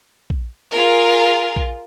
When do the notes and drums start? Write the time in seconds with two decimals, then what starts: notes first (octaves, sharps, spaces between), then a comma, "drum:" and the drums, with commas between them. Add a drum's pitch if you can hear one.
0.30 drum: kick A#1
0.73 F4 G#4 A#4
1.56 drum: kick A#1